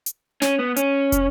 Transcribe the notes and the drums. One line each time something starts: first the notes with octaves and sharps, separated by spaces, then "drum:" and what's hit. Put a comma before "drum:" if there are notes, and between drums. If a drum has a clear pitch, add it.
drum: hi-hat
C#4, drum: snare
B3
C#4, drum: hi-hat
drum: kick, hi-hat